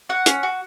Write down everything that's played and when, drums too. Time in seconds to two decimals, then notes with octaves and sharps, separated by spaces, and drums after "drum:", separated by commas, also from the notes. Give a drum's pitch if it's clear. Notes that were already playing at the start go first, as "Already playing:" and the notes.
0.09 F#4 F#5
0.26 C#4, drum: hi-hat
0.43 F#4